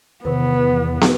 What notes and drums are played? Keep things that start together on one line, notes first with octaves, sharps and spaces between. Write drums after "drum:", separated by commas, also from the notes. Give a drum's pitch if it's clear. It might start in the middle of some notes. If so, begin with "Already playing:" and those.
E2 C3 D#3 B3 B4
drum: snare